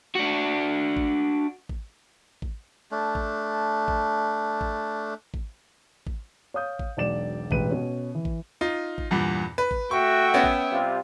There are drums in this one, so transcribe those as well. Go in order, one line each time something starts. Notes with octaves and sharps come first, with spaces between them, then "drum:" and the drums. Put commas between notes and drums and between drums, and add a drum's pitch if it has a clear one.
D4 F#4
drum: kick G#1
drum: kick G#1
drum: kick G#1
A3 D4
drum: kick G#1
drum: kick G#1
drum: kick G#1
drum: kick G#1
drum: kick G#1
C#5 F5 D#6 G6
drum: kick G#1
E1 B1 D5 E7
E1 A1 B4 D#7, drum: kick G#1
B2 C#4
E3
drum: kick G#1
D#4 F4
drum: kick G#1
E2 G2 A#2
B4
drum: kick G#1
A3 F#4 E5 G5 C#6
B3 C#4
drum: kick G#1
C3 G3 F4